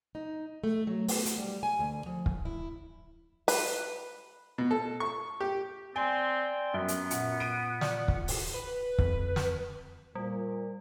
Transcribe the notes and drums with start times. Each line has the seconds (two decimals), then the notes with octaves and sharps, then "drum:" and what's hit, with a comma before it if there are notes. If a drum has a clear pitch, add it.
0.15 D#4
0.64 A3
0.87 F#3
1.08 B3, drum: open hi-hat
1.26 F#4, drum: hi-hat
1.38 G3
1.63 G#5
1.79 D2
2.06 F3
2.26 drum: kick
2.45 E4
3.48 B4, drum: open hi-hat
4.58 B2
4.71 A4
5.00 C#6
5.40 G4
5.96 C4 D5 G5 G#5 C6
6.74 F#2 B3
6.88 drum: hi-hat
7.11 A#2 F#5, drum: hi-hat
7.40 D7 D#7
7.81 D5, drum: snare
8.08 drum: kick
8.28 drum: open hi-hat
8.54 B4
8.98 F2, drum: kick
9.36 drum: snare
10.15 A#2 G3